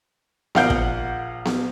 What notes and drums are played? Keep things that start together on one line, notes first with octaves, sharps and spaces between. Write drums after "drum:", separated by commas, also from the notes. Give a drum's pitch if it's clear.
A#1 A#3 F5 F#5 G6 D7, drum: snare B3
drum: kick
drum: snare B3